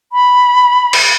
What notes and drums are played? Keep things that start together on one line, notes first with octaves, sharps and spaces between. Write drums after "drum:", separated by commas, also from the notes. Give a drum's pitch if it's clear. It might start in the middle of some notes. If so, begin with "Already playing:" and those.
B5
drum: cymbal